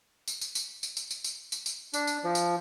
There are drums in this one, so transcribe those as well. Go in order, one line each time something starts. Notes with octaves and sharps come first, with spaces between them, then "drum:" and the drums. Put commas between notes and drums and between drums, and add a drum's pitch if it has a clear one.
drum: tambourine
drum: tambourine
drum: tambourine
drum: tambourine
drum: tambourine
drum: tambourine
drum: tambourine
drum: tambourine
drum: tambourine
D4, drum: tambourine
drum: tambourine
F3
drum: tambourine